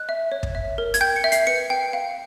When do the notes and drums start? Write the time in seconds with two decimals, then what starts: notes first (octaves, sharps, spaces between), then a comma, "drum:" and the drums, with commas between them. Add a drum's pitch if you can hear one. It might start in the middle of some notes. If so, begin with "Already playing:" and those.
Already playing: D#5 F#6
0.09 E5
0.32 C#5
0.43 drum: kick
0.55 E5
0.78 A#4
0.94 G#6, drum: hi-hat
1.01 G5 G6
1.16 C#7
1.24 E5
1.32 C7, drum: hi-hat
1.47 B4 C#7
1.70 G5
1.93 F5